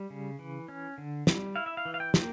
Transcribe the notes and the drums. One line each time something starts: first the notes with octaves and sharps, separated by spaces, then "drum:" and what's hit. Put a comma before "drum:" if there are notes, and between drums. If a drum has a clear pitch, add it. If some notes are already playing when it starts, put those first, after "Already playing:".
Already playing: G3
C#3
E3
C#4
D3
G3, drum: snare
E4 F5
E5
F5
E3
F5
G5
A#3, drum: snare